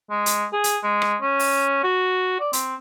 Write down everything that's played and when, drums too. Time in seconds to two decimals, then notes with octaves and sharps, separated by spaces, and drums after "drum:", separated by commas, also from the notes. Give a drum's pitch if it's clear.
0.10 G#3
0.26 drum: hi-hat
0.53 G#4
0.64 drum: hi-hat
0.83 G#3
1.02 drum: rim click
1.22 C#4
1.39 drum: open hi-hat
1.84 F#4
2.40 D5
2.53 C4, drum: hi-hat